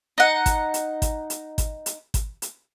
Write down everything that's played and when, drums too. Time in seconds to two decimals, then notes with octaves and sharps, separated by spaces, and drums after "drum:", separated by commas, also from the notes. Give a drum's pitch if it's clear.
0.18 D#4 F#5
0.46 drum: kick G#1, hi-hat
0.74 drum: hi-hat
1.02 drum: kick G#1, hi-hat
1.30 drum: hi-hat
1.58 drum: kick G#1, hi-hat
1.86 drum: hi-hat
2.14 drum: kick G#1, hi-hat
2.42 drum: hi-hat